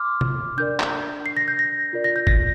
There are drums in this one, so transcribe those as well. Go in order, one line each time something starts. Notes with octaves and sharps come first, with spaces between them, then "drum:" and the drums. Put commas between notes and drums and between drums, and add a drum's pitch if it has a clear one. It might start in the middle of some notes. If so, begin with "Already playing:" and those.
Already playing: C6 D6 F6
drum: tom C3
D4 A#4 D5 G6
drum: clap
C7
A#6
G6
A#6
F4 A#4 D5
A#6
G6
A#6, drum: kick